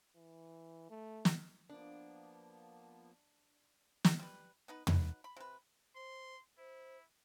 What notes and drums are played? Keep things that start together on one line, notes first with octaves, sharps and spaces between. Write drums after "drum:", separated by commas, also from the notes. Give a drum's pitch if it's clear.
E3
A3
drum: snare
F3 A#3 B3 D4
drum: snare
G3 B4
B3 D#4 B4
F#3 D#4 B4, drum: tom
B5
C3 B4
C5 C6
E4 C5